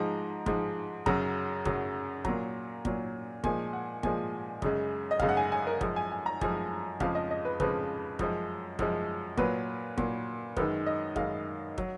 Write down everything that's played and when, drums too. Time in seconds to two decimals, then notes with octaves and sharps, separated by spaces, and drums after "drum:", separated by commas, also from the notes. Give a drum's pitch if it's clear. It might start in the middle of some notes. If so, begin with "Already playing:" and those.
Already playing: G#2 F3 G#3 A#5
0.46 G#2 F3 G#3, drum: kick
1.06 F#2 C#3 F#3 A#5, drum: kick
1.65 F#2 C#3 F#3, drum: kick
2.25 A#2 F#3 A#5, drum: kick
2.85 A#2 F#3, drum: kick
3.44 A#2 F3 G#3 G#5, drum: kick
3.73 F#5
4.03 A#2 F3 G#3 G#5, drum: kick
4.62 F#2 C#3 G#3, drum: kick
5.11 D#5
5.20 F#2 C#3 G#3 F5, drum: kick
5.29 F#5
5.37 G#5
5.52 G#5
5.67 A#4
5.81 F#2 F3 G#3, drum: kick
5.96 G#5
6.12 G#5
6.26 A#5
6.41 F#2 F3 G#3 G#5, drum: kick
7.00 F2 C#3 F3 G#3 F5, drum: kick
7.15 D#5
7.31 D#5
7.45 B4
7.60 F2 C#3 F3 G#3 B4, drum: kick
8.19 F#2 F3 G#3, drum: kick
8.79 F#2 F3 G#3, drum: kick
9.37 A#2 F#3 B4, drum: kick
9.98 A#2 F#3, drum: kick
10.57 F#2 D#3 G#3 B4, drum: kick
10.86 D#5
11.16 F#2 D#3 G#3 F5, drum: kick
11.78 F#3, drum: kick